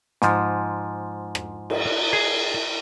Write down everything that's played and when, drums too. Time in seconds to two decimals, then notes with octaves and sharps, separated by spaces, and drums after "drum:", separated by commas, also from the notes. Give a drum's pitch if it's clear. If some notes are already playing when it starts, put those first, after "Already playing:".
0.22 G#2 F3, drum: snare
1.35 drum: rim click
1.70 drum: cymbal
2.13 G#4